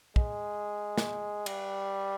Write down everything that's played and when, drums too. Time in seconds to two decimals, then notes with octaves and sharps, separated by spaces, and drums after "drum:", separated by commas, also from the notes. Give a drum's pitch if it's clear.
0.16 G#3, drum: kick
0.98 drum: snare
1.46 G3, drum: cymbal